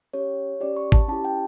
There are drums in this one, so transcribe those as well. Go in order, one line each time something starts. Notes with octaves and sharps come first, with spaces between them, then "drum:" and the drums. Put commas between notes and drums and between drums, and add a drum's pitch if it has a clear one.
C#4 G4 C#5
C#4 G4 D5
C#6
A5, drum: kick G#1
C#4 E4 G4 A5
G5